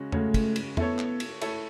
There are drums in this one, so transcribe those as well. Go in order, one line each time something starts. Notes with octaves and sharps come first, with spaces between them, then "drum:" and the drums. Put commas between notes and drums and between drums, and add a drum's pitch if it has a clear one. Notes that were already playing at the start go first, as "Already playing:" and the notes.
Already playing: C#3 G#3 C#4 F#4
C#3 G#3 A3 C#4 F#4 C#5, drum: tom
drum: kick, cymbal
drum: cymbal
A3 B3 E4 A4 C#5, drum: tom
drum: clap
drum: cymbal
A3 E4 A4 C#5, drum: cymbal